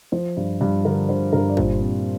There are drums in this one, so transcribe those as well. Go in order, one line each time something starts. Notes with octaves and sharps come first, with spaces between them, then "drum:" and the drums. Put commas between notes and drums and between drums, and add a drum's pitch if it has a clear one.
F3 C5
G2
G2
D3 A#4
D3 C5
G2 A#4
D5
A#2 C5, drum: kick
C4